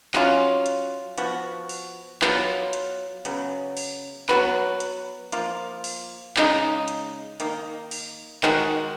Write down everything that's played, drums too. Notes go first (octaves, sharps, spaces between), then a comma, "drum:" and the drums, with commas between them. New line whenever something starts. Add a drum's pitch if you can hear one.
F#3 C#4 F4, drum: clap
drum: hi-hat
F3 B3 F#4, drum: hi-hat
drum: open hi-hat
F#3 B3 F4, drum: clap
drum: hi-hat
C#3 F#3 B3, drum: hi-hat
drum: open hi-hat
F#3 B3 F#4 B4, drum: clap
drum: hi-hat
F3 A#3 F4, drum: hi-hat
drum: open hi-hat
C#3 G#3 D#4, drum: clap
drum: hi-hat
D#3 A#3 D#4, drum: hi-hat
drum: open hi-hat
D#3 G#3 D#4 F#4, drum: clap